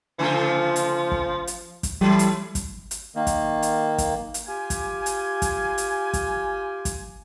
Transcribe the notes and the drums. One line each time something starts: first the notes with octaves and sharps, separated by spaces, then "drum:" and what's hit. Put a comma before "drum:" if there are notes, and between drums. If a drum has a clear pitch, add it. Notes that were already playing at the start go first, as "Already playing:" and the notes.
C#3 F3 A3 F4
drum: hi-hat
drum: kick
drum: hi-hat
drum: kick, hi-hat
E3 G3 A3 E4
drum: hi-hat
drum: kick, hi-hat
drum: hi-hat
D#3 A#3
drum: kick, hi-hat
drum: hi-hat
drum: kick, hi-hat
drum: hi-hat
F4 G4 G#5
drum: kick, hi-hat
drum: hi-hat
drum: kick, hi-hat
drum: hi-hat
drum: kick, hi-hat
drum: kick, hi-hat